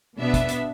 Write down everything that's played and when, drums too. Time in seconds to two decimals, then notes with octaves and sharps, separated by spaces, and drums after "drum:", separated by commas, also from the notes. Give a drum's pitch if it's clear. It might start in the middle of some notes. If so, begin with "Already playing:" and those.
0.19 B2 B3 D4 E5
0.34 drum: kick, hi-hat
0.49 drum: hi-hat